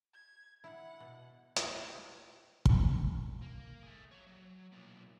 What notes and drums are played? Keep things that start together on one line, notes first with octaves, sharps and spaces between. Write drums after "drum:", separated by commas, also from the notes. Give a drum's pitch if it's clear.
G#6
E4 F#5
B2
E4 F4 G4 B4 D#5 B5, drum: hi-hat
drum: kick
A#3
A3 G#4
C#5 A#5
F#3
B1 A#2